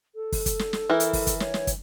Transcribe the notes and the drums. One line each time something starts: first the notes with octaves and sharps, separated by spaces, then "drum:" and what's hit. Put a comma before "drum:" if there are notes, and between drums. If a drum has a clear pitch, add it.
A4
drum: kick, open hi-hat
drum: kick, hi-hat
drum: snare
drum: snare
E3 E4 A#4
drum: hi-hat
drum: kick, open hi-hat
drum: kick, hi-hat
C#5, drum: snare
drum: snare
drum: kick, hi-hat